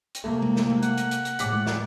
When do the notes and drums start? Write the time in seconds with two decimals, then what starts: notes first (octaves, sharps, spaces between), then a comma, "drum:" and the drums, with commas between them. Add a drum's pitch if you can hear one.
0.15 drum: hi-hat
0.24 C3 A3 A#3
0.42 drum: tom G#3
0.56 drum: snare
0.70 drum: tom G#3
0.83 F#5, drum: hi-hat
0.98 drum: hi-hat
1.11 drum: hi-hat
1.25 drum: hi-hat
1.39 A2 D6 B6, drum: hi-hat
1.53 drum: tom G#3
1.67 drum: snare